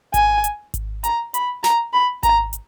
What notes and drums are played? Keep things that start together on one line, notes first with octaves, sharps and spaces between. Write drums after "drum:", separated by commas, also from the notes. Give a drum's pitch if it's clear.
G#5, drum: kick G#1, hi-hat
drum: hi-hat
drum: kick G#1, hi-hat
A#5, drum: hi-hat
B5, drum: hi-hat
A#5, drum: snare
B5
A#5, drum: kick G#1, hi-hat
drum: hi-hat